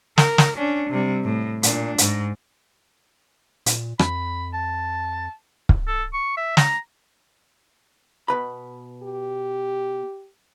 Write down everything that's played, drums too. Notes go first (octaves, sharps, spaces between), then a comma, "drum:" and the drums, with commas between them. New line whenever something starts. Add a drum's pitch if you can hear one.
A#4, drum: snare
drum: snare
C#4 D4
C3 G3
A2
A#2 D4, drum: hi-hat
G#2, drum: hi-hat
A#2, drum: hi-hat
F2 B5, drum: rim click
A5
drum: kick
A4
C#6
E5
A#5, drum: snare
B2 B4 B5
G4